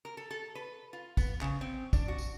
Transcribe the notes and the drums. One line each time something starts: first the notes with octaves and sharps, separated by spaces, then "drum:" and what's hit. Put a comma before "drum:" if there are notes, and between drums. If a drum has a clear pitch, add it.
A#4
A4
A4
B4
F4
B3, drum: kick, tambourine
C#3, drum: clap
C4
D4, drum: kick, tambourine
F#4
drum: tambourine